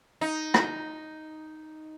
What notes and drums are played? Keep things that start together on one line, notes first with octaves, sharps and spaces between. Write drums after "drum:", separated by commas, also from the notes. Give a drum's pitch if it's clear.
D#4
drum: rim click